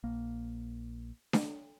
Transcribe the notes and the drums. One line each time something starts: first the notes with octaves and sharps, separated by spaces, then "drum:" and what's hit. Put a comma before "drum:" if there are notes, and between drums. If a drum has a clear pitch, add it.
A#1 A#3
drum: snare D4